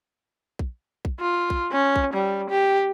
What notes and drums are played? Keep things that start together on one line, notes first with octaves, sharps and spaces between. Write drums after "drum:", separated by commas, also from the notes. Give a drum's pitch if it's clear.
drum: kick A#1
drum: kick A#1
F4
drum: kick A#1
C#4
drum: kick A#1
G3
G4